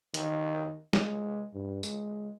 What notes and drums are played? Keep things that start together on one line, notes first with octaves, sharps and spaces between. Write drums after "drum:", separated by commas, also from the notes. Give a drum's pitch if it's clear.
D#3, drum: hi-hat
G#3, drum: snare
G2
G#3, drum: tambourine